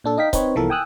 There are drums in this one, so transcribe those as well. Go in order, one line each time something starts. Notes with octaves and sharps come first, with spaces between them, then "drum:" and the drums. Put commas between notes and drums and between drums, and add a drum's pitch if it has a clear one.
A#2 D4 A4
D#4 D#5 F5 G5 B6
C4 D#4 B4 C#5, drum: kick C#1, hi-hat
C2 E3 F3 B3 A4 A#4
G5 G#5 D#6 E6 F#6